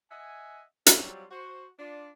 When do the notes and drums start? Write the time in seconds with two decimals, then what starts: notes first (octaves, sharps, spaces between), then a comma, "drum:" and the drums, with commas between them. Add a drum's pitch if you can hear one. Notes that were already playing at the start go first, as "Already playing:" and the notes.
0.10 D#5 E5 F#5 G#5
0.86 F#3 G3 C4 F4, drum: hi-hat
1.31 F#4 C5
1.79 D4 F4 D5